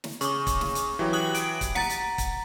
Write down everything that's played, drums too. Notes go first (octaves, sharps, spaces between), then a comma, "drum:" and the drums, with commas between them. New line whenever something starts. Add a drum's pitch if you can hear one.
drum: snare
C#3 C#6 D6, drum: hi-hat
drum: kick, hi-hat
drum: snare
drum: hi-hat
E3 F#3 G4
D#6 F#6 F#7
D7, drum: hi-hat
drum: kick, hi-hat
F#5 A#5 A6 C#7, drum: snare
drum: hi-hat
drum: kick, hi-hat